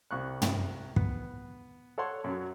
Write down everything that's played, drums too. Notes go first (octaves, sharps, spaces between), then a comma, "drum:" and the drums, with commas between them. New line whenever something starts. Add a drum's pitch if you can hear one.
C2 C#6 F#6
drum: tom
B3, drum: kick
A4 C#5 F#5 C6 C#6
F#2 F#3